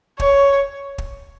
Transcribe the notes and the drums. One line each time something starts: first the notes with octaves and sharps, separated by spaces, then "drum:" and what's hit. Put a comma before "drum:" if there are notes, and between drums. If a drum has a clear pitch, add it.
C#5, drum: kick
drum: kick